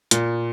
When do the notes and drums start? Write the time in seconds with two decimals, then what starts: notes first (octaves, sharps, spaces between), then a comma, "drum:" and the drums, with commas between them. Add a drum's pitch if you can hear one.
0.11 A#2, drum: hi-hat